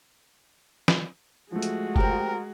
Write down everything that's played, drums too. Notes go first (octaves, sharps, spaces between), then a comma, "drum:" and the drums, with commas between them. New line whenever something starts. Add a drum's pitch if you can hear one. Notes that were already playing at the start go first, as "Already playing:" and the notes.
drum: snare
F3 G#3 A3 F#4
drum: hi-hat
C4 G4 A#4, drum: kick F#1